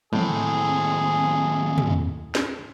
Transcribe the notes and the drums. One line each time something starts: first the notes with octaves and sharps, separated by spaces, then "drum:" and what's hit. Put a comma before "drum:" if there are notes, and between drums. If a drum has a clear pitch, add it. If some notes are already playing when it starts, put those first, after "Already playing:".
D#2 A2 C4 G#4, drum: tom
drum: tom
drum: snare